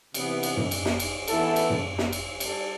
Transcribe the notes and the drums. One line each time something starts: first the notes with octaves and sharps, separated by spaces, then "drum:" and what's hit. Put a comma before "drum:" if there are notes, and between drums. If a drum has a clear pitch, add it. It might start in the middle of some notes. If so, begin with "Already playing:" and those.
C3 E3 B3, drum: cymbal
drum: cymbal
drum: tom F#2
drum: cymbal
drum: snare
drum: cymbal
E3 B3 E4 A4, drum: cymbal
drum: cymbal
drum: tom F#2
drum: snare
drum: cymbal
G3 D4 A4, drum: cymbal